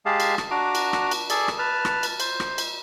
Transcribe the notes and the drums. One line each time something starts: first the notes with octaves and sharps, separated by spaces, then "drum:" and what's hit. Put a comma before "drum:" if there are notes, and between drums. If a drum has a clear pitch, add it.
G#3 G4 G#4 F5 A5
drum: cymbal
drum: rim click
D4 F#4 A#5 D6
drum: cymbal
drum: rim click
drum: cymbal
G#4 A4 D5, drum: cymbal
drum: rim click
B4 A5 F6
drum: rim click
drum: cymbal
C5, drum: cymbal
drum: rim click
drum: cymbal